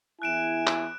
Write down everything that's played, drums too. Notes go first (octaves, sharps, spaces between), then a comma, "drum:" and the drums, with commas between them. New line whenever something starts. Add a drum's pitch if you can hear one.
E2 E4 G#5 F#6 D7 E7
drum: clap